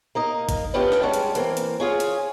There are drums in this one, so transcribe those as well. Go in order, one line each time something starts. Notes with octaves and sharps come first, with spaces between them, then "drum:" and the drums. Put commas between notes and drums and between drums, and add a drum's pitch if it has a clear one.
A#3 D#4 D#5
drum: kick G#1, hi-hat
B3 C#4 D4 F4 G4 B4
drum: snare D4
G3 G#3 C#4 F#5 A5
drum: hi-hat
E3 A#3 C4, drum: hi-hat
drum: hi-hat
C#4 F4 G#4 F5
drum: hi-hat